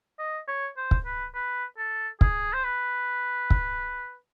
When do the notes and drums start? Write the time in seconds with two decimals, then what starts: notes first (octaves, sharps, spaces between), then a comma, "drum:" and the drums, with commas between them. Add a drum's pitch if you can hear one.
0.19 D#5
0.48 C#5
0.77 C5
0.91 drum: kick
1.05 B4
1.35 B4
1.77 A4
2.21 G#4, drum: kick
2.53 C5
2.64 B4
3.50 drum: kick